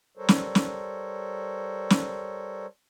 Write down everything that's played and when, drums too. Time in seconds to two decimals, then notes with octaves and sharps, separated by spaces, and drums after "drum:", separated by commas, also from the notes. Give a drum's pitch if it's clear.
0.17 G3 A4 A#4 C5 C#5
0.29 drum: snare
0.55 drum: snare
1.90 drum: snare